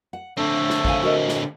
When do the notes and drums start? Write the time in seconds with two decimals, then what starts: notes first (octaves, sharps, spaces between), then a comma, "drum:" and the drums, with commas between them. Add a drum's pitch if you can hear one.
0.13 F#5
0.37 D3 A3 C4 D4 A4
0.70 drum: snare
0.85 D#2 F5 G#5, drum: kick
1.02 F#4 A#4 D#5
1.28 drum: snare